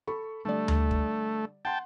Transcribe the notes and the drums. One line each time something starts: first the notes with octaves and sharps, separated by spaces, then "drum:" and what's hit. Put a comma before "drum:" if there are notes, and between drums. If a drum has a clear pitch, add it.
A4 B5 C#6
D3 G3 A3 D5
drum: tom D2
drum: kick
F#5 G5 A5 C6